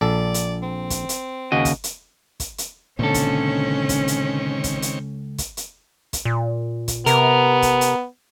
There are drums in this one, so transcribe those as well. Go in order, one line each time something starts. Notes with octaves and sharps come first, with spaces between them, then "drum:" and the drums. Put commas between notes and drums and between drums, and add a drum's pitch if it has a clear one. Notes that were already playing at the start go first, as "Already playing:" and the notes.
A#1 A4 D5
drum: hi-hat
C4
drum: kick, hi-hat
drum: hi-hat
D#2 C#3 F#4 D#5
drum: kick, hi-hat
drum: hi-hat
drum: kick, hi-hat
drum: hi-hat
C#2 A#2 D3 D#3 C4 C#4 A4 C#5
drum: kick, hi-hat
drum: kick, hi-hat
drum: hi-hat
drum: kick, hi-hat
drum: hi-hat
drum: kick, hi-hat
drum: hi-hat
drum: kick, hi-hat
A#2
drum: kick, hi-hat
C3 B3 A#4, drum: hi-hat
drum: kick, hi-hat
drum: hi-hat